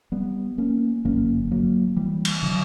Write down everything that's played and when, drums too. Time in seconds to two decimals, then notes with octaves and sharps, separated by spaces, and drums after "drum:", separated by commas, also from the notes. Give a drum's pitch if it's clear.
0.12 G3 B3
0.58 A#3 C#4
1.05 G1 F#2 D3 A#3 C#4
1.51 F#3 A#3
1.96 E3 G3
2.25 drum: cymbal
2.43 D3 F#3